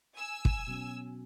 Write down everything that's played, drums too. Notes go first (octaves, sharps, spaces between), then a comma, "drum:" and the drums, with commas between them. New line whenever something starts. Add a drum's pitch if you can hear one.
G#5 E6
drum: kick
B2 F#3 C#4